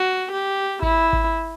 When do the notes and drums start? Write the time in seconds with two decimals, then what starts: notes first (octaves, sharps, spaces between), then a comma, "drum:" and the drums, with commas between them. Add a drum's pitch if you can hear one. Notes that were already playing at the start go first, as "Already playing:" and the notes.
Already playing: F#4
0.31 G4
0.83 E4, drum: kick G#1
1.13 drum: kick G#1